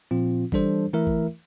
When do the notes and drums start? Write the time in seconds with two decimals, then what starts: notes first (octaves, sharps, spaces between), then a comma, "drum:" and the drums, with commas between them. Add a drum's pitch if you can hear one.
0.11 A#2 F3 C4 F4
0.52 E3 G3 D4 A4 C5, drum: kick G#1
0.93 E3 A3 E4 A#4 E5
1.07 drum: kick G#1